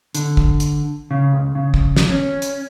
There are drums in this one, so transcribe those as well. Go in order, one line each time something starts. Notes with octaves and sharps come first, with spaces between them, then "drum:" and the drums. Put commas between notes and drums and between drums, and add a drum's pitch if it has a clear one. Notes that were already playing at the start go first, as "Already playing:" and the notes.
D3, drum: hi-hat
drum: kick
drum: hi-hat
C#3
C#2
C#3
drum: kick
drum: snare
C#4
drum: hi-hat